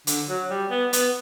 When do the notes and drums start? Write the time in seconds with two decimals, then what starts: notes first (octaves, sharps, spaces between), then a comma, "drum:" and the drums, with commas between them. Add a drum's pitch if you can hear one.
0.07 D3, drum: hi-hat
0.28 F#3
0.50 G3
0.71 B3
0.93 B3, drum: hi-hat